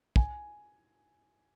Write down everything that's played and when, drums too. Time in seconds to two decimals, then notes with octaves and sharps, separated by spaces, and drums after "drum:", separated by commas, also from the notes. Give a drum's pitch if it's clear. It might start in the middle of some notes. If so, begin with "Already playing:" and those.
0.16 G#5, drum: kick